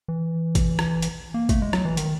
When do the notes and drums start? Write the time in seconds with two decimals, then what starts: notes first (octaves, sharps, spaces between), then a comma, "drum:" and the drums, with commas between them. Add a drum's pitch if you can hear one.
0.08 E3
0.55 drum: kick G#1, hi-hat
0.79 drum: rim click
1.02 drum: hi-hat
1.34 A#3
1.49 A3, drum: kick G#1, hi-hat
1.62 G#3
1.73 F#3, drum: rim click
1.85 E3
1.97 D#3, drum: hi-hat